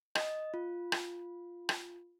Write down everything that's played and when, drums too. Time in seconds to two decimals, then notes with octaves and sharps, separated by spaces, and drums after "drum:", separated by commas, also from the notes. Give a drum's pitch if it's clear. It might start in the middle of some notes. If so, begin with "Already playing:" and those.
0.15 D#5, drum: rim click
0.54 F4
0.92 drum: rim click
1.69 drum: rim click